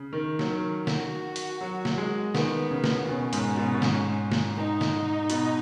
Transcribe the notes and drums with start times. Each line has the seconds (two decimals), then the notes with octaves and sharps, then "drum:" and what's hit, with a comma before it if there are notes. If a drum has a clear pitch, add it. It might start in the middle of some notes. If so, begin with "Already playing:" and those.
Already playing: C#3
0.13 D#3
0.39 F#3, drum: snare
0.50 D#3
0.87 F#4, drum: snare
1.36 drum: hi-hat
1.61 F#3
1.85 drum: snare
1.98 G#3
2.35 D#3 B3, drum: snare
2.71 C#3
2.84 drum: snare
3.08 B2 C#4
3.33 G#2, drum: hi-hat
3.57 B2
3.73 B2
3.82 G#2, drum: snare
4.32 drum: snare
4.56 D#4
4.81 drum: snare
5.30 B2, drum: hi-hat